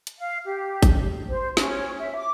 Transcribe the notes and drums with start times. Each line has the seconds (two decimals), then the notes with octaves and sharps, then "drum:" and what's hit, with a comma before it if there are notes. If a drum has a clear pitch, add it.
0.07 drum: hi-hat
0.18 F5
0.45 G4
0.83 drum: kick G#1, hi-hat
1.28 C5
1.57 C#4, drum: snare
1.98 E5
2.17 D6